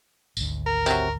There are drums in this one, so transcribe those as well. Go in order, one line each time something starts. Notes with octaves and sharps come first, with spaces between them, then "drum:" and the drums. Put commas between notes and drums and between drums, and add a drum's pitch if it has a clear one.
G#1 D2, drum: tambourine
A#4
C3 F#3, drum: tambourine